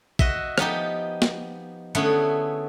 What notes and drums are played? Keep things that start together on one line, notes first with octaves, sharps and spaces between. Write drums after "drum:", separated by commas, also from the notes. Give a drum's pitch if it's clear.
F#4 D#5 E5, drum: kick
F3 B3 D#4 G4, drum: rim click
drum: snare
D3 A3 B3 C#4 E4 G#4, drum: hi-hat